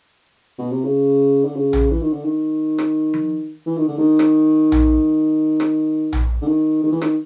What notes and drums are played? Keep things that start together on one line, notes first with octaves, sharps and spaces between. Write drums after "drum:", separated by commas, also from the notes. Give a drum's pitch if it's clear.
B2
C3
C#3
D3
C#3
drum: tom A#1
E3
D#3
D3
D#3
drum: rim click
drum: tom F3
E3
D#3
D3
D#3
drum: rim click
drum: tom A#1
drum: rim click
drum: tom A#1
D3
D#3
D#3
E3
D#3, drum: rim click